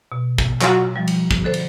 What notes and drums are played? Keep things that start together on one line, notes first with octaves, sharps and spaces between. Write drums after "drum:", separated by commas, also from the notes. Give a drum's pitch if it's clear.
B2
drum: kick
F#3 F4 F#4, drum: clap
F3 G3
drum: cymbal
drum: kick
D3 A4 C5
drum: cymbal